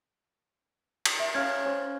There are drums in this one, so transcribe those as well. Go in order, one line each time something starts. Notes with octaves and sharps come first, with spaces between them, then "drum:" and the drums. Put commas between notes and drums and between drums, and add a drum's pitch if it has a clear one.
drum: cymbal
E5
C#4 C#5 F5 F6 G#6
C#4 C5